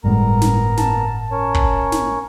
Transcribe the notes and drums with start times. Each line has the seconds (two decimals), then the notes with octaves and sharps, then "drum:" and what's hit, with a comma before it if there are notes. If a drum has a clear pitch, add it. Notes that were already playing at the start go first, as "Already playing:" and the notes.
0.04 G1 A2 G3 G#3 B3 A#4 A#5
0.42 drum: snare
0.77 A5, drum: snare
1.31 C#4 A#4 C#5
1.54 drum: kick
1.92 drum: snare